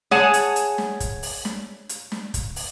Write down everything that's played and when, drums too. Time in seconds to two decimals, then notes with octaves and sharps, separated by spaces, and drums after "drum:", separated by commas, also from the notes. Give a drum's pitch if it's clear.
0.11 G#4 C#5 F#5 G#5 A5, drum: snare
0.34 drum: hi-hat
0.56 drum: hi-hat
0.78 drum: snare
1.00 drum: kick, hi-hat
1.23 drum: open hi-hat
1.45 drum: snare
1.89 drum: hi-hat
2.12 drum: snare
2.34 drum: kick, hi-hat
2.56 drum: open hi-hat